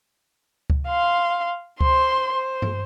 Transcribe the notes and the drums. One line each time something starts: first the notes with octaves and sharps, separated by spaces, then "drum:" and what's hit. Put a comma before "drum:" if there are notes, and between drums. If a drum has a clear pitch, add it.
drum: kick C#2
F5 C6
C5 C6, drum: kick C#2
C5
drum: tom G2